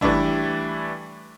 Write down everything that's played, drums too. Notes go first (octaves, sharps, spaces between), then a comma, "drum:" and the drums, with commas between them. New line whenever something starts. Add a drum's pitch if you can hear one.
E3 G3 A3 D4 E4, drum: kick